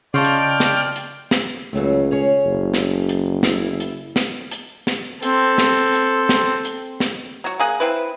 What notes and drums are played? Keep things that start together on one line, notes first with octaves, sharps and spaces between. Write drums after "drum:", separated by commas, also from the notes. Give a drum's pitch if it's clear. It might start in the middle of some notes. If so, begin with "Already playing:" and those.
C#3 F4 D5 D#5 G5 A5 C#6 F6
drum: hi-hat
drum: snare
drum: hi-hat
drum: snare
C#2 C#3 F#3 A3
C#4 G#4 C#5
F#1
drum: snare
drum: hi-hat
E4, drum: snare
drum: hi-hat
drum: snare
drum: hi-hat
drum: snare
C4 A4, drum: hi-hat
drum: snare
drum: hi-hat
drum: snare
drum: hi-hat
drum: snare
F#3 F#4
A#3 G#4 F#5
C4 E4 B4